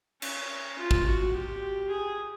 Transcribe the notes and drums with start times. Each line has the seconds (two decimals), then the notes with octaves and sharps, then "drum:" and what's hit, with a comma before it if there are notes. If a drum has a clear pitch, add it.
0.22 C#4, drum: cymbal
0.78 F4
0.91 drum: kick
1.06 F#4
1.35 G4
1.90 G#4